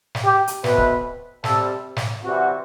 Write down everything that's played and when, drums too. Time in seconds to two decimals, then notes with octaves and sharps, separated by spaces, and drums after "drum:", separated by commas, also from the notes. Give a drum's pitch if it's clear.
0.15 drum: snare
0.24 G4
0.48 drum: hi-hat
0.64 B2 A3 C4 B4, drum: snare
0.78 drum: kick
1.44 C3 G3 C4 A4, drum: snare
1.96 drum: snare
2.23 C3 E3 G3 C4 F#4